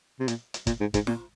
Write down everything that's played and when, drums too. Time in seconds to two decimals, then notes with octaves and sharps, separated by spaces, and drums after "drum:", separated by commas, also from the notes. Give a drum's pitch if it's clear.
0.20 C3
0.28 A#2, drum: hi-hat
0.54 drum: hi-hat
0.67 A#2, drum: kick, hi-hat
0.80 G#2
0.94 G#2, drum: kick, hi-hat
1.07 A#2, drum: snare